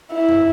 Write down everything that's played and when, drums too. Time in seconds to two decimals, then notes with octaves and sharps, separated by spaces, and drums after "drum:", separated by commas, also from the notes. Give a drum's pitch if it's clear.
0.12 E4
0.28 drum: tom F2